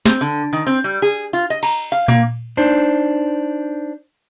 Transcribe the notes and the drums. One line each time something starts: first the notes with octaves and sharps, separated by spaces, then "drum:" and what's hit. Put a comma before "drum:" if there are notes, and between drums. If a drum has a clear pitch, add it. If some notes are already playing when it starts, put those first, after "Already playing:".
C4, drum: snare
D3
D#3
C4
G3
G#4
F4
D#5
A#5, drum: cymbal
F5
A#3, drum: tom A#2
D4 D#4 C5